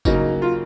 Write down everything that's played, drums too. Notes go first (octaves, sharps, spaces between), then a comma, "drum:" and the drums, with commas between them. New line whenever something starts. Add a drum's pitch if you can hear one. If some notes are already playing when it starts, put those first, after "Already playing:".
C#3 F#3 A#3 D#4, drum: kick, tambourine
F4